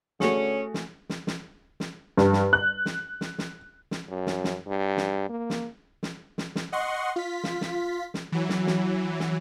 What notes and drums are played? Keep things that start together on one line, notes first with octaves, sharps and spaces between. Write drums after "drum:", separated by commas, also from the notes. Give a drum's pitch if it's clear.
D3 A3 C#4 F#4 G#4, drum: snare
drum: snare
drum: snare
drum: snare
drum: snare
G2, drum: snare
drum: snare
F#6
drum: snare
drum: snare
drum: snare
drum: snare
F#2
drum: snare
drum: snare
G2
drum: snare
A#3
drum: snare
drum: snare
drum: snare
drum: snare
D#5 F#5 C6 C#6
F4 B6
drum: snare
drum: snare
drum: snare
E3 F#3
drum: snare
drum: snare
drum: snare